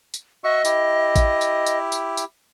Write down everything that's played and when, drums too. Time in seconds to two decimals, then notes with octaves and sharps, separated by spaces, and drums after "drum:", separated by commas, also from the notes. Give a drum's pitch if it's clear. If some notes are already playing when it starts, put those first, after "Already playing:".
0.14 drum: tambourine
0.44 F#4 D#5 E5 C#6
0.65 E4 G4, drum: tambourine
1.16 drum: kick A1, tambourine
1.41 drum: tambourine
1.66 drum: tambourine
1.92 drum: tambourine
2.17 drum: tambourine